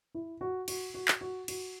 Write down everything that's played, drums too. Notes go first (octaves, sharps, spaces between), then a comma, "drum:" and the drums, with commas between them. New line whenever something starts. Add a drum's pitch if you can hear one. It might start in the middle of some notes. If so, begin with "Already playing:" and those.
E4
F#4
F#4, drum: cymbal
F#4
drum: clap
F#4
F#4, drum: cymbal